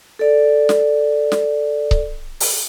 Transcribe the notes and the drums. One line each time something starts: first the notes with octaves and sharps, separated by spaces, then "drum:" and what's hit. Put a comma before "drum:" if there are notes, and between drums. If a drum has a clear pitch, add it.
A4 D5
drum: snare
drum: snare
drum: kick C#1
drum: open hi-hat